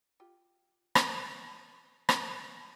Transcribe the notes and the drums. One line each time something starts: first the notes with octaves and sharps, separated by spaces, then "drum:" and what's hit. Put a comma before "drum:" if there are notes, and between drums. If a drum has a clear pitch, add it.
F4 G4
drum: rim click
drum: rim click